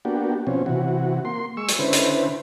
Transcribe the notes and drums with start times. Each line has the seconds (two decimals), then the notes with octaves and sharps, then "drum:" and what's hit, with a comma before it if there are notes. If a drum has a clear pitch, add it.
0.05 A#3 B3 D4 F#4 G4
0.47 B2 F3 C4 C#4
0.66 C3 E3 F#4
1.25 A#3 C6
1.57 G#3 C#6 E6
1.68 drum: hi-hat
1.79 D3 C#4 E4 B4 C5
1.93 drum: hi-hat